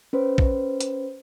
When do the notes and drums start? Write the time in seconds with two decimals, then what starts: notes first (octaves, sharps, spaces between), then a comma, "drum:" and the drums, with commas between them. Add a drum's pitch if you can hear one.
0.13 C#4 B4 C5
0.38 drum: kick
0.80 drum: hi-hat